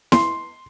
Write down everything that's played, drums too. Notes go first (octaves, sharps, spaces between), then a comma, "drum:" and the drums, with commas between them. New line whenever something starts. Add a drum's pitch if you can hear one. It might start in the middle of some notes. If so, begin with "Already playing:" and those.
C6, drum: snare E4